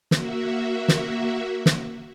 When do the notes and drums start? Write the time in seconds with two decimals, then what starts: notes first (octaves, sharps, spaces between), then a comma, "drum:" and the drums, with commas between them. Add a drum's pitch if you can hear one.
0.11 A#3 F#4 E5, drum: snare
0.88 drum: snare
1.66 drum: snare